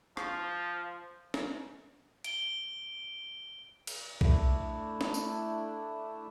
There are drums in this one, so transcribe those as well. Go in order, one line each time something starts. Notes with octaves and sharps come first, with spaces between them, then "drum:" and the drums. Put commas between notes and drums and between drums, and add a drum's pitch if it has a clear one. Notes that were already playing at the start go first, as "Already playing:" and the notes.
F3, drum: rim click
drum: snare
D7 G7, drum: hi-hat
drum: cymbal
A3 D4 E4, drum: kick
drum: snare
drum: tambourine